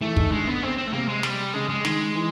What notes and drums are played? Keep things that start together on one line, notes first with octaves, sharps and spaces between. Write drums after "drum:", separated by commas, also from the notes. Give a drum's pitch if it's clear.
E3 A3
D#3, drum: kick
D3 G#3
B3
C4
C4
A3
C3 A#3
G#3
G3, drum: snare
C#3 G#3
G#3
D#3, drum: snare
E3